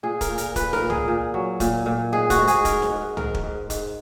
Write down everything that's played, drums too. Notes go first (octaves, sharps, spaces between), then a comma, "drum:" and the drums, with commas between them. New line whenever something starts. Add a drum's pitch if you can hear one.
A#2 G#4
A#4, drum: kick, hi-hat
A#2
A#4, drum: hi-hat
A#2 B4, drum: kick, hi-hat
A#4, drum: snare D#4
A#2
G#4, drum: tom
A#2
F#3
A#2, drum: kick, hi-hat
A#2
G#2 G#4
F#4, drum: kick, hi-hat
G#2
G#4, drum: hi-hat
G#2 A#4, drum: kick, hi-hat
drum: snare D#4
G#2
G#2 A#4, drum: tom
drum: kick
G#2
G#2, drum: kick, hi-hat